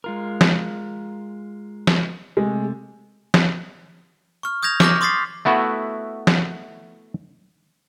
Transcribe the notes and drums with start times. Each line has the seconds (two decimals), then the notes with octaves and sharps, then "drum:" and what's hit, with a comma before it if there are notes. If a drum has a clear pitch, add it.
0.04 G#3 F4 A#4
0.41 drum: snare
1.87 drum: snare
2.37 C3 G#3 A3
3.34 drum: snare
4.43 C#6 F6
4.63 D#6 G6 G#6 A#6 F7
4.80 C#6 D6 F6 G6 A#6, drum: snare
5.01 C6 D6 D#6 A6 B6 C7
5.45 A3 B3 E4 F#4
6.27 drum: snare